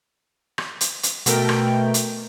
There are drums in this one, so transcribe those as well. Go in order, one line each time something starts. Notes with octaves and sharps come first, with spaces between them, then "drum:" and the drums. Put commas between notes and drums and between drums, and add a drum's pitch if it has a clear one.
drum: rim click
drum: hi-hat
drum: hi-hat
B2 A3 A#4 G5, drum: hi-hat
drum: rim click
drum: hi-hat